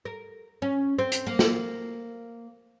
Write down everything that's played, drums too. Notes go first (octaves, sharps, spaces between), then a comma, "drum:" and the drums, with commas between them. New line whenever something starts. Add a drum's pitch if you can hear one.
A#4
C#4
C4
drum: hi-hat
A#3
drum: snare